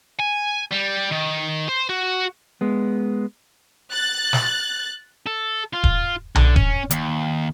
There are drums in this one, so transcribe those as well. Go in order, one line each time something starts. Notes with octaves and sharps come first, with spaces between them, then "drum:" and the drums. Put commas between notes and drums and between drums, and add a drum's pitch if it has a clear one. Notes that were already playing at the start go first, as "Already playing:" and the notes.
G#5
G3
D#3
C5
F#4
G#3 B3
F#6 A6
drum: snare
A4
F4
drum: kick D#1
D3, drum: tom B1
C#4, drum: kick D#1
D#2, drum: hi-hat